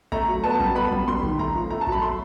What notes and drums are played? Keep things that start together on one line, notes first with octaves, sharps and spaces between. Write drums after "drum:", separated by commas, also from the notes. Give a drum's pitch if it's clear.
A3 A#5, drum: kick
F#3
B3 A5
G3, drum: kick
B3 B5
G3, drum: kick
G3 C6
D#3, drum: kick
A3 A#5, drum: kick
F3
A3 A#5
A5
F#3, drum: kick
B5
A3 C6